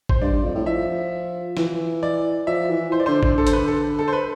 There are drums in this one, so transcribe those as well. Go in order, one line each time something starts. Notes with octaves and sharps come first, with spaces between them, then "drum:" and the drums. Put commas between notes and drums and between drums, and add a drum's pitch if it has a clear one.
C5, drum: kick G#1
G2 D5
G2
F2
A2
F3 E5
E3, drum: snare
D5
F3 E5
E3
C5
D5
D3 C5
D3, drum: kick G#1
D3 A4
C5, drum: hi-hat
B4
A4
A4
C5
B4